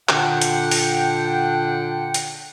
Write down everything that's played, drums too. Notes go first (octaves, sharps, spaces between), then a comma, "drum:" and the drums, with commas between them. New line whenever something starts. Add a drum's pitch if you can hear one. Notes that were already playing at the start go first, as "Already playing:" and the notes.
A#2 D3 D4 F#5 G5, drum: clap
drum: hi-hat
drum: open hi-hat
drum: hi-hat